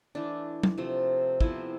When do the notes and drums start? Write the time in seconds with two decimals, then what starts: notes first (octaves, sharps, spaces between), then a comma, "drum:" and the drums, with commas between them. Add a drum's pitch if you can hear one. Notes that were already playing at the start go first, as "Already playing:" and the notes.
0.15 E3 A3 D4
0.63 drum: tom F#3
0.78 C3 F3 A3
1.41 C3 F3 B3 E4, drum: kick